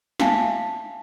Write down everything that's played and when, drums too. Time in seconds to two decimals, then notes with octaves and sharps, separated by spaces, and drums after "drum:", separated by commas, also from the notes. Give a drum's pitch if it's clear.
0.20 E5 F5 G#5 A5, drum: snare